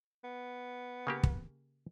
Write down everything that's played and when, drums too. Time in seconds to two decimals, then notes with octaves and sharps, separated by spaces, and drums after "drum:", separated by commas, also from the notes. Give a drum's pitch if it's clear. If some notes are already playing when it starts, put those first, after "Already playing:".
0.24 B3
1.07 C#3 A#3 G4
1.23 drum: kick